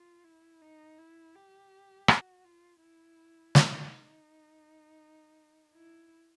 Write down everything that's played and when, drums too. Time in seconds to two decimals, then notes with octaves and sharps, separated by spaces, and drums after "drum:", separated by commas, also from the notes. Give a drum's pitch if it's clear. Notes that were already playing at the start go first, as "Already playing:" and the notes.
Already playing: F4
0.24 E4
0.61 D#4
0.98 E4
1.35 G4
2.08 F#4, drum: rim click
2.44 F4
2.81 E4
3.55 D#4, drum: snare
5.74 E4